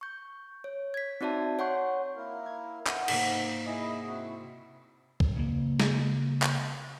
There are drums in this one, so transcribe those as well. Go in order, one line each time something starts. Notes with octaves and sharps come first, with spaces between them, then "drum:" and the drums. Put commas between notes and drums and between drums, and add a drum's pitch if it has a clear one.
C#6 G6
C#5
G#6 B6
C4 D#4 F#4 D5 E5 A5
C#5 F#5 C6 C#6 G6
A#3 E4 A#4
G#6
B3 E4 F#5 A#6 D#7, drum: clap
G#2 C3 A#3 D#4, drum: cymbal
E4 G#4 D#5
C4 E4 F#4
drum: kick
C#3 A#3
drum: snare
drum: clap